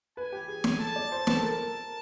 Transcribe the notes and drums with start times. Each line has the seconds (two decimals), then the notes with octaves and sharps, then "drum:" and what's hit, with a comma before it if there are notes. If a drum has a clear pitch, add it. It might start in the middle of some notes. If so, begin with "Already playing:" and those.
0.17 B4 G#5
0.33 G4
0.48 G#4
0.64 G#4, drum: snare
0.80 A4 A5
0.96 D5
1.12 C5
1.27 B4, drum: snare
1.37 A4
1.43 A#4 A5